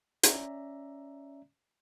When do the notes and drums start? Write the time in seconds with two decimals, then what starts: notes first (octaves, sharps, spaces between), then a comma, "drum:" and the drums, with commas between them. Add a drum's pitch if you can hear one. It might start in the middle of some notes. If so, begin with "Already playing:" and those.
0.23 C#4 D5 E5 A#5, drum: hi-hat